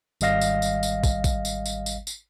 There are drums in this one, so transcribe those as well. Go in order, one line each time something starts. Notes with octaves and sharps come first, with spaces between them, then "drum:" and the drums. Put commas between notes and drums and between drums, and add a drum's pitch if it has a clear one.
G#1 G3 D#5 F5 A#6, drum: tambourine
drum: tambourine
drum: tambourine
drum: tambourine
drum: kick, tambourine
drum: kick, tambourine
drum: tambourine
drum: tambourine
drum: tambourine
drum: tambourine